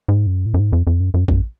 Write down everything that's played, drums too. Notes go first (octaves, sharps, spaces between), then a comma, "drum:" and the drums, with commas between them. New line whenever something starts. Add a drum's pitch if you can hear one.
G#2
F#2
A2
F#2
G#2
F2
F2
F#2
F#2
F#2, drum: kick A1